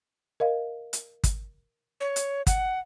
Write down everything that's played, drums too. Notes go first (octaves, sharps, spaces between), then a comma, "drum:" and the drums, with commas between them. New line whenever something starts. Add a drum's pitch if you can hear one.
A#4 D#5 F5
drum: hi-hat
drum: kick, hi-hat
C#5
drum: hi-hat
F#5, drum: kick, hi-hat